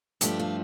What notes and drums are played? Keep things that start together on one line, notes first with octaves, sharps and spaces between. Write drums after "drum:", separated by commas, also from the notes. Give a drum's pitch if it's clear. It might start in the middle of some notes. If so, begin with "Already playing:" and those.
G2 F3 A3 D4 G4, drum: hi-hat
F4